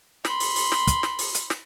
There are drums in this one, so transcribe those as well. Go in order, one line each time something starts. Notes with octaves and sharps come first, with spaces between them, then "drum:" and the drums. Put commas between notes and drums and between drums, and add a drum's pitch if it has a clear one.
B5 C6, drum: snare
drum: open hi-hat
drum: open hi-hat
drum: snare
drum: kick, hi-hat
drum: snare
drum: open hi-hat
drum: hi-hat
drum: snare